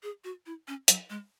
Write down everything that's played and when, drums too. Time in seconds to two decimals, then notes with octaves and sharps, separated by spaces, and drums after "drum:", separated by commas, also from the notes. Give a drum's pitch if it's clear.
0.03 G#4
0.24 F#4
0.46 E4
0.68 C#4
0.88 F#3, drum: hi-hat
1.10 G#3